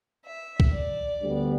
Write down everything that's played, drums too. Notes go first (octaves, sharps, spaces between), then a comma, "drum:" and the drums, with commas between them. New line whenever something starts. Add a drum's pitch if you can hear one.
E5
drum: kick
D5
D2 D3 G3 B3